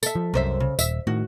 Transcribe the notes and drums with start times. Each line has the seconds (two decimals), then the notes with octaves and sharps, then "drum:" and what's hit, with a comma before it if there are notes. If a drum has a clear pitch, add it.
0.03 A4 E5, drum: tambourine
0.16 F3
0.34 C2 F#2 C5 E5
0.60 C#3
0.79 D#1 E5, drum: tambourine
1.07 A2 D#3 F#4